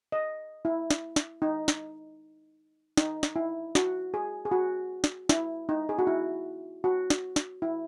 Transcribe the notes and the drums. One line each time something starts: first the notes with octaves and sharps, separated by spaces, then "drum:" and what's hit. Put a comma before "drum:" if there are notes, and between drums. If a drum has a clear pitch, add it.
D#5
E4
drum: snare
drum: snare
D#4
drum: snare
D#4, drum: snare
drum: snare
E4
F#4, drum: snare
G#4
G#4
F#4
drum: snare
E4, drum: snare
D#4
G#4
F#4
E4
F#4
drum: snare
drum: snare
E4